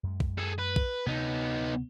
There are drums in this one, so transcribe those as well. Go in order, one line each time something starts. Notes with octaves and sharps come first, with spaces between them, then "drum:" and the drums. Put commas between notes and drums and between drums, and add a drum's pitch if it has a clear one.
F#2 G#3
drum: kick
G#4 A4
B4
drum: kick
D2 C3 B3 D#4